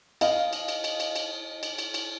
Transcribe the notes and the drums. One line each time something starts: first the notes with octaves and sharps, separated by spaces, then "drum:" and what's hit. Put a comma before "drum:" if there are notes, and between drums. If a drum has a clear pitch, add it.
D#5 F5, drum: cymbal
drum: cymbal
drum: cymbal
drum: cymbal
drum: cymbal
drum: cymbal
drum: cymbal
drum: cymbal
drum: cymbal